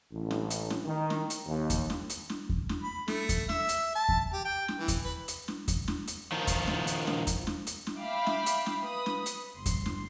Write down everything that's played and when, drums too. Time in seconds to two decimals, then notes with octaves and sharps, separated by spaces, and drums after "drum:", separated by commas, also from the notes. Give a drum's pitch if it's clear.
0.12 A1
0.31 drum: snare
0.50 drum: hi-hat
0.70 drum: snare
0.85 D#3
1.10 drum: snare
1.30 drum: hi-hat
1.46 D#2
1.70 drum: kick E2, hi-hat
1.90 drum: snare
2.10 drum: hi-hat
2.30 drum: snare
2.49 drum: kick E2
2.69 drum: snare
2.83 B5
3.08 A3, drum: snare
3.29 drum: kick E2, hi-hat
3.49 E5, drum: snare
3.69 drum: hi-hat
3.95 A5
4.09 drum: kick E2
4.33 G4
4.45 G5
4.68 drum: snare
4.79 E3
4.88 drum: kick E2, hi-hat
5.04 B4
5.28 drum: hi-hat
5.48 drum: snare
5.68 drum: kick E2, hi-hat
5.88 drum: snare
6.08 drum: hi-hat
6.32 D#3 F3
6.47 drum: kick E2, hi-hat
6.67 drum: snare
6.87 drum: hi-hat
7.07 drum: snare
7.27 drum: kick E2, hi-hat
7.47 drum: snare
7.67 drum: hi-hat
7.87 drum: snare
7.98 E5 F5 G5 B5 D6
8.26 drum: snare
8.46 drum: hi-hat
8.66 drum: snare
8.82 B4 B5 D#6
9.06 drum: snare
9.26 drum: hi-hat
9.54 G1 C6
9.66 drum: kick E2, hi-hat
9.86 drum: snare